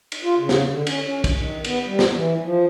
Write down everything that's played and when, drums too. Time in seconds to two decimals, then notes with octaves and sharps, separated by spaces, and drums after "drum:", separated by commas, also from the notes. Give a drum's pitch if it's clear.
0.12 drum: cymbal
0.24 F4
0.38 C#3
0.49 drum: snare
0.67 D3
0.87 C#4, drum: cymbal
1.03 C#4
1.24 drum: kick, cymbal
1.34 D#3
1.64 B3, drum: cymbal
1.86 G3
1.99 drum: snare
2.12 E3
2.43 F3